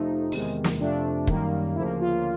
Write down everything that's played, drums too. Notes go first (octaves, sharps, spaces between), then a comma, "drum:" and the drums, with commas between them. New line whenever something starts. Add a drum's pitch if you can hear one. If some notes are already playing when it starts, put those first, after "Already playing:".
Already playing: F2 C3 F3 A3 D#4
E2 C3 D#3 G#3, drum: open hi-hat
drum: snare
F2 C3 F3 A3 D4
F#2 D#3 G3 A#3, drum: kick
D2 C#3 F3 A#3 E4
F4